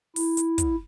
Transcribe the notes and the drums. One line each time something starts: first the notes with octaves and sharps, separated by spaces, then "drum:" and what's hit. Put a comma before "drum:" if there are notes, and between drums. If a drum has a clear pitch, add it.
E4, drum: open hi-hat
drum: hi-hat
drum: kick, hi-hat